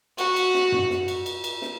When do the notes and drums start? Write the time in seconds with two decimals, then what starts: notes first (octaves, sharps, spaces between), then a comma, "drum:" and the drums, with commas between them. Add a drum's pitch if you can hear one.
0.18 F#4, drum: cymbal
0.36 drum: cymbal
0.54 drum: snare
0.72 drum: tom F#2
0.90 drum: snare
1.08 drum: cymbal
1.26 drum: cymbal
1.44 drum: cymbal
1.62 drum: snare